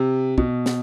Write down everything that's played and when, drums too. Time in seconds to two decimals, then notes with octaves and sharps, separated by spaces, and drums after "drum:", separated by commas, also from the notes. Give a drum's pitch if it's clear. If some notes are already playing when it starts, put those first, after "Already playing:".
Already playing: C3
0.38 B2, drum: kick
0.66 drum: snare